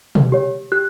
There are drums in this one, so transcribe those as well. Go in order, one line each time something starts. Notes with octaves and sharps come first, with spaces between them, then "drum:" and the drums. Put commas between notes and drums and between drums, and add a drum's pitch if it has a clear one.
drum: tom B2
G4 C#5
G4 F#6